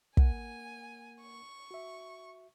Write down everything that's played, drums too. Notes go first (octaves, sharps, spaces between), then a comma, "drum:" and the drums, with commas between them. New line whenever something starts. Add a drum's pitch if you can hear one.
A#3 A#4 F#5 G#5, drum: kick
C#6
F#4 E5